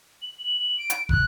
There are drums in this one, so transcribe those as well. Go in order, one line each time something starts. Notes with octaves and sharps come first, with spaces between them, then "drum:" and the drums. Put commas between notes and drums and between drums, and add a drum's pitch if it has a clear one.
F#7
F#7
F#7
D7
drum: hi-hat
F#6, drum: kick